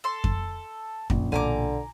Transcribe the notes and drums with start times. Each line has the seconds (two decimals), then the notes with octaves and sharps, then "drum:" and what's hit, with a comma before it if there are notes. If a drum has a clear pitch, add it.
0.04 A4 C6
0.24 drum: kick F2
1.10 A#1 C#4 D#4, drum: kick F2
1.32 B1 D3 G#5 A#5 D6